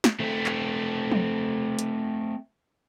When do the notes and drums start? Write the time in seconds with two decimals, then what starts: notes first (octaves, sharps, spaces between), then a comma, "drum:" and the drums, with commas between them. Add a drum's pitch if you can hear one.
0.04 drum: snare
0.20 A3 C4
0.46 drum: clap
1.12 drum: tom F3
1.79 drum: hi-hat